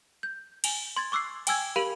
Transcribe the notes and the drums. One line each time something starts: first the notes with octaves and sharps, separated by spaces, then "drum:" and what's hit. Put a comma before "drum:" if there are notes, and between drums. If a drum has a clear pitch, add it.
G6
G#5 F7, drum: cymbal
C6 G#6 A6
C#6 D6 E6 F#6 C7
G5 G#5 E6 G#6, drum: cymbal
G4 A#4 F5 B5 D7 F#7